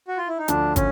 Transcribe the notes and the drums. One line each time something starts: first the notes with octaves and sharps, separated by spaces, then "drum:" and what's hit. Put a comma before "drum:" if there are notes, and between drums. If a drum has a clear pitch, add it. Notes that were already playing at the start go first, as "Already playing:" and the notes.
F#4
F4
E4
D#4
D2 D3 F3 D4, drum: hi-hat
C#4, drum: kick, hi-hat